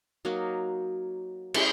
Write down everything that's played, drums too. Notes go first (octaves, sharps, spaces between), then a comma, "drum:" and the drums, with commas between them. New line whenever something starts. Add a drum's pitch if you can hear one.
F#3 A#3 D#4 F#4
G#3 C#4 E4 G4, drum: cymbal